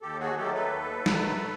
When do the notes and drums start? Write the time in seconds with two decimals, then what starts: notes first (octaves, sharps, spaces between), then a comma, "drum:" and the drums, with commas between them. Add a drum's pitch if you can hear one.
0.02 D#2 G4 A4
0.20 F#4 G#4
0.37 D#3 F#3 A3 G4 A4
0.54 A4 B4
0.71 D#2
1.06 D#3 F#3 A3, drum: snare